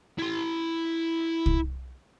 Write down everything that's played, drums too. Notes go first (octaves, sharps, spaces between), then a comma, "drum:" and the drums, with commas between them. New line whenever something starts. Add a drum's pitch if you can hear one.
E4 C6
drum: kick C2